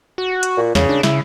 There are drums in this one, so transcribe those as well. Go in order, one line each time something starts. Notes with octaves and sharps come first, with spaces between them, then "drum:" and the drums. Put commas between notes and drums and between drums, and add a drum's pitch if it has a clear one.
F#4
drum: hi-hat
A#2
E2 C#3, drum: snare
D4
C#3 E4, drum: snare